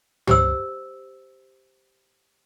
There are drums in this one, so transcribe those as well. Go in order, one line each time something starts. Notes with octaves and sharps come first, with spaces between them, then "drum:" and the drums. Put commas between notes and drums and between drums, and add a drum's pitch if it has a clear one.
G4 C5 E6, drum: tom